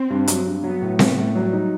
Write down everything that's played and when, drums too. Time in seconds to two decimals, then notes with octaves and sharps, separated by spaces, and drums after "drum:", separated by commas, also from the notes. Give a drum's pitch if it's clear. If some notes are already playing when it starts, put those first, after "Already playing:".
Already playing: C4
0.10 G2
0.27 F#3, drum: hi-hat
0.46 G2
0.63 F#3 B3
0.81 A2
0.99 A3 B3, drum: snare C4
1.17 A2
1.35 F#3 G3
1.53 D#4